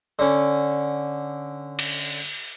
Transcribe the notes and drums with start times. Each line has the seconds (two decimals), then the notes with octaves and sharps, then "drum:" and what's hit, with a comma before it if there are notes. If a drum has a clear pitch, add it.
0.19 D3 C#4
1.79 drum: cymbal